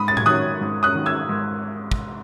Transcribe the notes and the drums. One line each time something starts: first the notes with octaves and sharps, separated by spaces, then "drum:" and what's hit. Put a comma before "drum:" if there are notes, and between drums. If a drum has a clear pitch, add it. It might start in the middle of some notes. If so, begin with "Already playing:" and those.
Already playing: G#2 B5 D#6
A6
G#6, drum: tom A2
D#3 F#3 D#6 F#6
G#2
D#6 F#6
D#3 F#3
E6 G#6
G#2
drum: kick